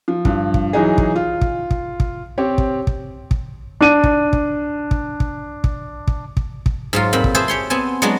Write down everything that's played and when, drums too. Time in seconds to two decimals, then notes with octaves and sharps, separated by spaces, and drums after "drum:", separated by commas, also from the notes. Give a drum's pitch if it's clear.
0.08 F3
0.25 G2 F3, drum: kick
0.54 drum: kick
0.73 E3 F#3 D#4 G#4
0.98 drum: kick
1.16 F4
1.41 drum: kick
1.71 drum: kick
2.00 drum: kick
2.38 C4 G4 C#5
2.58 drum: kick
2.87 drum: kick
3.31 drum: kick
3.81 D4 D#7
4.04 drum: kick
4.33 drum: kick
4.91 drum: kick
5.20 drum: kick
5.64 drum: kick
6.07 drum: kick
6.37 drum: kick
6.66 drum: kick
6.93 G#2 F#3 F4
7.13 F2 A#2 C4 B5
7.24 drum: kick
7.35 G#4 B4 C5 E5 A5
7.48 G4 C#5 C6
7.70 B3 C4 G#5 A5
8.02 F#3 G#3 B3 D4 F#4